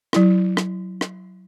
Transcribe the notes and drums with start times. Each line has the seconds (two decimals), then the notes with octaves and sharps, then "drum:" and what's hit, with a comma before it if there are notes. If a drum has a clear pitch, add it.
0.13 F#3 E4, drum: rim click
0.57 drum: rim click
1.01 drum: rim click